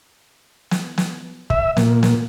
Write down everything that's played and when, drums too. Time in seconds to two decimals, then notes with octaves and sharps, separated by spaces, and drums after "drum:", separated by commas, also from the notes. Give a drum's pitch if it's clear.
0.71 drum: snare
0.98 drum: snare
1.50 E5, drum: kick
1.77 A#2, drum: snare
2.03 drum: snare